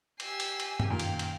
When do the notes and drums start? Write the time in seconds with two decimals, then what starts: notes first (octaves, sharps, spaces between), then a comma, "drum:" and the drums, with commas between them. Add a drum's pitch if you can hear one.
0.20 G4 G#5 E6 C7, drum: cymbal
0.40 drum: cymbal
0.60 drum: cymbal
0.80 drum: tom G2
0.90 F#2 A#2 D#3 F5 G5 D7
0.99 drum: cymbal
1.19 drum: cymbal